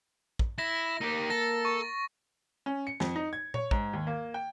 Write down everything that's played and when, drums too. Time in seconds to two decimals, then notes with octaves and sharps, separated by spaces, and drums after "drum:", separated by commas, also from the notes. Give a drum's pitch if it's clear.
0.39 drum: kick
0.58 E4 A#6
1.01 A#3 D#4 G4 A#4
1.30 A4 A6 A#6
1.65 C#6
2.66 C#4
2.87 C#7
3.00 F2, drum: snare
3.16 D#4
3.33 G#6
3.54 C#5, drum: tom A#2
3.71 G#2, drum: kick
3.93 D#2
4.07 A#3
4.34 G5